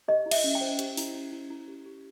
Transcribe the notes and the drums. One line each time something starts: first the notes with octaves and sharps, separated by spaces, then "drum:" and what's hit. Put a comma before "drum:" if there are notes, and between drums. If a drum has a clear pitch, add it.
G4 D#5
E4
E5, drum: cymbal
C#4
G5
C5
G4, drum: hi-hat
E4, drum: open hi-hat
C#4
E4
E4
G4
G4